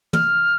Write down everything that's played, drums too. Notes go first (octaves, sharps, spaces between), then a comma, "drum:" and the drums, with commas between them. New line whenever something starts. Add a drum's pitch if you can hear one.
F6, drum: tom